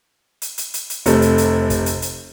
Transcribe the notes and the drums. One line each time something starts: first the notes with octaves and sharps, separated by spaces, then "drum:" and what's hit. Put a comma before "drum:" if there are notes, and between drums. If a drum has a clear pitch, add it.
drum: hi-hat
drum: hi-hat
drum: hi-hat
drum: hi-hat
F1 C3 A3, drum: hi-hat
drum: hi-hat
drum: hi-hat
drum: kick, hi-hat
drum: hi-hat
drum: hi-hat